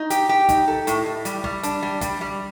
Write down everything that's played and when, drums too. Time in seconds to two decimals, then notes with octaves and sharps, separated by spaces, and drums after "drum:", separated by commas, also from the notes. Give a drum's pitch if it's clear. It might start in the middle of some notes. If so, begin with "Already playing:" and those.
Already playing: D#4
0.10 G4, drum: hi-hat
0.29 G4
0.49 D#4, drum: kick, hi-hat
0.68 A4
0.87 A2, drum: hi-hat
1.06 A2
1.25 G3, drum: hi-hat
1.44 G3, drum: kick
1.63 D4, drum: hi-hat
1.83 G3
2.01 G3, drum: kick, hi-hat
2.21 G3